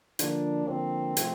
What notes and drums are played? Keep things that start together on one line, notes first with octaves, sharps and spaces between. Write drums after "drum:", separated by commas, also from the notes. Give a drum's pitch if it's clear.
D3 F3 A#3 D4, drum: hi-hat
D3 F3 A#3 C4
C3 F3 A3, drum: hi-hat